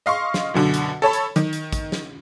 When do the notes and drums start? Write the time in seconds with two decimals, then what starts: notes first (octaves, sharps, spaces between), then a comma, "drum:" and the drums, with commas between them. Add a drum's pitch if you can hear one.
0.06 D#5 F5 C6 C#6
0.34 drum: snare
0.54 F#2 B2 D3
0.74 drum: hi-hat
1.02 A4 C#5 A5 B5
1.13 drum: hi-hat
1.36 D#3, drum: hi-hat
1.53 drum: hi-hat
1.73 drum: kick, hi-hat
1.92 drum: snare